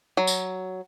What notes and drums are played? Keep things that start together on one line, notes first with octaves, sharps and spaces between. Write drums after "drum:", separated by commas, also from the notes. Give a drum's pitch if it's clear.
F#3
drum: tambourine